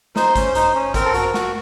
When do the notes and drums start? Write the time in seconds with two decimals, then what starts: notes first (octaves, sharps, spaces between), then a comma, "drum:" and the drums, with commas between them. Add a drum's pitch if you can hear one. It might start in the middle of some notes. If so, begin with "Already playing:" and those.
0.16 D#4 C5, drum: snare
0.36 C#4, drum: kick A1, hi-hat
0.55 D#4, drum: hi-hat
0.75 C#4
0.94 C4 A#4, drum: kick A1, hi-hat
1.05 A4
1.14 F#4, drum: hi-hat
1.34 F#4, drum: snare